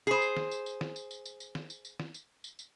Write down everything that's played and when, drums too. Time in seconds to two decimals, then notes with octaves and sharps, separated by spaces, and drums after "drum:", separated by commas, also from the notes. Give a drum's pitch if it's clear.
0.07 G#4 C5
0.22 drum: tambourine
0.37 drum: snare
0.51 drum: tambourine
0.66 drum: tambourine
0.81 drum: snare
0.96 drum: tambourine
1.11 drum: tambourine
1.25 drum: tambourine
1.40 drum: tambourine
1.55 drum: snare
1.70 drum: tambourine
1.85 drum: tambourine
2.00 drum: snare
2.14 drum: tambourine
2.44 drum: tambourine
2.59 drum: tambourine